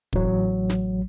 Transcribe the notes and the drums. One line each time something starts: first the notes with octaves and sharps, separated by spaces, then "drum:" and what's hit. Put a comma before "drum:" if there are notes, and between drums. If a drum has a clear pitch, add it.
A1 F#3, drum: kick
drum: snare